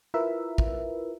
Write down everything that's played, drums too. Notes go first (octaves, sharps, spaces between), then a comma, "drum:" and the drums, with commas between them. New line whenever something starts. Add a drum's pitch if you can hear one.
E4 F4 A#4 B4 E5
drum: kick